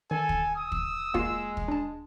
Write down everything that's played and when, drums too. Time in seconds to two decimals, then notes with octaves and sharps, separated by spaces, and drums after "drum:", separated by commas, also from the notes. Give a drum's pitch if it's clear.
0.11 D#3 A4 G#5
0.29 drum: kick
0.56 D#6 E6
0.72 drum: kick
1.14 G#3 A#3 F4 C7, drum: kick
1.57 drum: kick
1.68 D4 A5